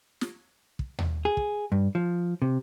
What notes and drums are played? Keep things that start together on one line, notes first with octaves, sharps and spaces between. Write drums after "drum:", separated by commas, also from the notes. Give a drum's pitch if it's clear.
drum: snare
drum: kick
drum: tom D#2
G#4
drum: kick
G2
F3
C3